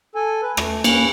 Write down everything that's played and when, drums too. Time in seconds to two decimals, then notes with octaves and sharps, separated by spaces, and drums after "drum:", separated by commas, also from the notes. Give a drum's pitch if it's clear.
0.15 A4 G#5
0.43 B4
0.57 A3, drum: rim click
0.84 A#3 C#4 B4, drum: cymbal